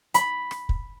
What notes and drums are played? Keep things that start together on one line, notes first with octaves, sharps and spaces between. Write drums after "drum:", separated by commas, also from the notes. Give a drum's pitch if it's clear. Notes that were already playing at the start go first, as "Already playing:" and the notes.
B5, drum: hi-hat
drum: rim click
drum: kick